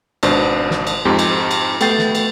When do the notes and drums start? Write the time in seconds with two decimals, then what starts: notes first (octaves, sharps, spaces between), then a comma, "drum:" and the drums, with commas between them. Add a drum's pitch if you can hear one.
0.23 G#1 B2 D4 C5, drum: cymbal
0.71 drum: snare
0.87 drum: cymbal
1.05 F2 G#2 C4 G4
1.19 drum: cymbal
1.51 drum: cymbal
1.81 A3 B3 G5 G6 A6 C7, drum: cymbal
1.99 drum: snare
2.15 drum: cymbal